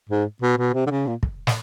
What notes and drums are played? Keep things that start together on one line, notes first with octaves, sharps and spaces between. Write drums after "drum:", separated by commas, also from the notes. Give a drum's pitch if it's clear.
G#2
B2
B2
C3
D3
C#3
A#2
drum: kick
drum: snare